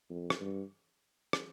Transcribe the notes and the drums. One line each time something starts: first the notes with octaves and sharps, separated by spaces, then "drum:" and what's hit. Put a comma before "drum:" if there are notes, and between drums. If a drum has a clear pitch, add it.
F2
drum: rim click
G2
drum: rim click